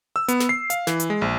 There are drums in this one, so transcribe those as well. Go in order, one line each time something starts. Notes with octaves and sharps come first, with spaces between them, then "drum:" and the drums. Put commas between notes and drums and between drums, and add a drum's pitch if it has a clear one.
E6
B3, drum: hi-hat
drum: snare
C7
F5, drum: hi-hat
E3, drum: snare
drum: hi-hat
G#3
A#1